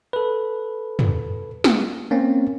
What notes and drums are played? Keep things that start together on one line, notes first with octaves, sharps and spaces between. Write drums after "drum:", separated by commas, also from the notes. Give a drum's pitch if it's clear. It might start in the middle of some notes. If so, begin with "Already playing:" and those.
A4 B4
drum: tom
drum: snare
A#3 C4 C#4